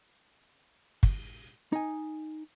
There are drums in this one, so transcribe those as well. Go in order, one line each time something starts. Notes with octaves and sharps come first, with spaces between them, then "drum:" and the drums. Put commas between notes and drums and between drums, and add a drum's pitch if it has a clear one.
drum: kick
D#4 G#5